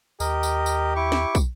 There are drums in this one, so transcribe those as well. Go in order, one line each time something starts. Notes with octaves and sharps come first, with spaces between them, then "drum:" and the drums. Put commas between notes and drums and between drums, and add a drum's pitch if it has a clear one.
D#2 G4 A#4 D#5, drum: tambourine
drum: tambourine
drum: tambourine
E4 C#6 D6
drum: snare
drum: kick, tambourine